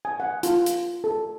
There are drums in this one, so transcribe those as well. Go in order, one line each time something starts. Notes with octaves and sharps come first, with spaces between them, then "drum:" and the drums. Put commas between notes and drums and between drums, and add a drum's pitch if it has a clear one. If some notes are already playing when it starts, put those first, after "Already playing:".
G#5
F#5
F4, drum: hi-hat
drum: hi-hat
A4